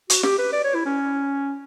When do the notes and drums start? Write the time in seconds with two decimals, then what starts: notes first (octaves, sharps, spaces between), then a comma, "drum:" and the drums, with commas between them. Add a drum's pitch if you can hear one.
0.10 F#4, drum: hi-hat
0.23 G4, drum: snare
0.38 B4
0.52 D5
0.64 C#5
0.75 E4
0.86 C#4